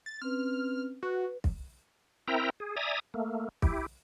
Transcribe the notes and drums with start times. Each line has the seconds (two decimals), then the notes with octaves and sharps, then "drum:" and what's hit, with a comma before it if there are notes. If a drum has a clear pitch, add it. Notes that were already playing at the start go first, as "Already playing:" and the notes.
0.06 A6
0.22 C4 C#4 B4 F6
1.03 F#4 B4
1.44 drum: kick
2.28 C4 E4 A#4 E5 G5 A#5
2.60 G#4
2.76 D5 E5 G#5 A#5 D#6
3.14 A3 A#3
3.62 E4 G4, drum: kick